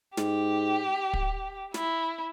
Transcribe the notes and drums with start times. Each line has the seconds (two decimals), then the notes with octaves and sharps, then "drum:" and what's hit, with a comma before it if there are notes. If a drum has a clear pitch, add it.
0.17 G#2 G4, drum: snare
1.13 drum: kick
1.74 E4, drum: snare